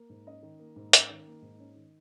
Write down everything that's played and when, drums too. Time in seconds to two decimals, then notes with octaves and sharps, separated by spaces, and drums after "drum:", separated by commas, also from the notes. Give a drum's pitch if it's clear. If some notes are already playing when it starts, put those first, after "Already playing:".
Already playing: A#3
0.10 G#2
0.27 C#4 D#5
0.43 D#3
0.59 A#3
0.76 G#2
0.93 C#4, drum: hi-hat
1.10 D#3
1.26 A#3
1.42 G#2
1.59 C#4
1.76 D#3